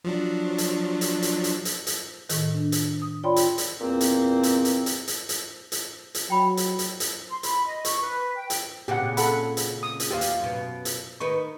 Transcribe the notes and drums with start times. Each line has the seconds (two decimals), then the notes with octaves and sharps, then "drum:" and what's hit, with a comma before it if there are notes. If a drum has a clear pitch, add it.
0.04 F3 F#3 D4
0.58 drum: hi-hat
1.01 drum: hi-hat
1.22 drum: hi-hat
1.44 drum: hi-hat
1.65 drum: hi-hat
1.87 drum: hi-hat
2.29 A2 D#3, drum: hi-hat
2.54 D4
2.72 drum: hi-hat
3.02 D#6
3.24 F4 C#5 D5 G5 B5 C6
3.36 drum: hi-hat
3.58 drum: hi-hat
3.81 E2 A#2 C4
4.01 drum: hi-hat
4.43 drum: hi-hat
4.65 drum: hi-hat
4.86 drum: hi-hat
5.08 drum: hi-hat
5.29 drum: hi-hat
5.72 drum: hi-hat
6.15 drum: hi-hat
6.30 F#3 G5 B5
6.57 drum: hi-hat
6.79 drum: hi-hat
7.00 drum: hi-hat
7.30 C6
7.43 B5, drum: hi-hat
7.66 D#5
7.85 C#6, drum: hi-hat
8.01 B4
8.35 G5
8.50 drum: hi-hat
8.88 A#2 C#3 C4 G4 F#5
9.17 A4 F#5 B5, drum: hi-hat
9.57 drum: hi-hat
9.83 D#6
10.00 drum: hi-hat
10.11 D#2 F4 G4 C5 F5
10.21 drum: hi-hat
10.39 F#2 B2
10.85 drum: hi-hat
11.20 D#3 D#4 B4 C#6